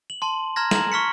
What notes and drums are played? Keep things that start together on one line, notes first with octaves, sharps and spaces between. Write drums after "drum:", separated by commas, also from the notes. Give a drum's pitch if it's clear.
F#7
A5 C6
A#5 C6 F6 G#6 A#6
A#5 F#7, drum: snare
C#6 F6 B6 C#7